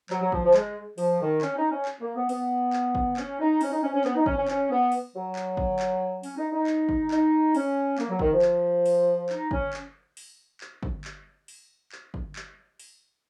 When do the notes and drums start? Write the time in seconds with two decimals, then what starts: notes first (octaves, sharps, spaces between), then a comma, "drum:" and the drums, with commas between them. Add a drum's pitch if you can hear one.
0.10 F#3, drum: clap
0.21 F#3
0.32 F3, drum: kick
0.43 F3
0.54 G#3, drum: clap
0.98 F3, drum: open hi-hat
1.20 D#3
1.41 C#4, drum: clap
1.56 D#4
1.71 C#4
1.85 drum: clap
2.00 A#3
2.15 B3
2.29 B3, drum: open hi-hat
2.73 drum: clap
2.95 drum: kick
3.17 C#4, drum: clap
3.39 D#4
3.61 C#4, drum: open hi-hat
3.71 D#4
3.83 C#4
3.93 C#4
4.04 B3, drum: clap
4.15 D#4
4.26 C#4, drum: kick
4.37 C#4
4.48 C#4, drum: clap
4.70 B3
4.92 drum: open hi-hat
5.14 F#3
5.35 drum: clap
5.57 drum: kick
5.79 drum: clap
6.23 C#4, drum: open hi-hat
6.37 D#4
6.52 D#4
6.67 drum: clap
6.89 drum: kick
7.11 D#4, drum: clap
7.55 C#4, drum: open hi-hat
7.98 A#3, drum: clap
8.09 F#3
8.19 D#3, drum: kick
8.31 F3
8.42 drum: clap
8.86 drum: open hi-hat
9.29 D#4, drum: clap
9.51 C#4, drum: kick
9.73 drum: clap
10.17 drum: open hi-hat
10.61 drum: clap
10.83 drum: kick
11.04 drum: clap
11.48 drum: open hi-hat
11.92 drum: clap
12.14 drum: kick
12.36 drum: clap
12.80 drum: open hi-hat